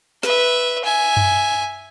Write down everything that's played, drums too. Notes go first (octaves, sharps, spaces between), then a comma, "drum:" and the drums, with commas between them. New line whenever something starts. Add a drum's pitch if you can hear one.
B4 E5, drum: snare
E5 G#5
drum: tom F#2